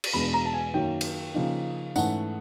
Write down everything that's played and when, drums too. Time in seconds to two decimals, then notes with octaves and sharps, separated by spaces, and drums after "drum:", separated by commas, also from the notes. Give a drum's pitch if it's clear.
0.04 drum: cymbal
0.14 E2 B2 G#3 B3 D4 B5
0.33 A#5
0.45 A5
0.54 G#5
0.73 F#2 D#3 F#3 A#3 G5
1.01 drum: cymbal
1.34 C#3 F3 A#3 D#4
1.96 G#2 E3 A3 C#4 F#5, drum: tambourine